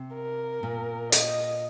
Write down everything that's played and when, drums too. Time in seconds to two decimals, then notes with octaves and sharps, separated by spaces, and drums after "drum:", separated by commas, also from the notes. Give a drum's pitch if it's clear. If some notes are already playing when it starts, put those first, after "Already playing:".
Already playing: C3
0.14 A#4
0.63 A#2
1.12 D#5, drum: hi-hat